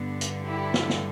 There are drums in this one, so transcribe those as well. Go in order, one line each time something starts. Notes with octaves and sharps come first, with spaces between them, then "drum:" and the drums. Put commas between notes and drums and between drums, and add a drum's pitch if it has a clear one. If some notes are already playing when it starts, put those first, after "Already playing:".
Already playing: G2 D3 B3 D4
drum: hi-hat
E4 G4
drum: snare
drum: snare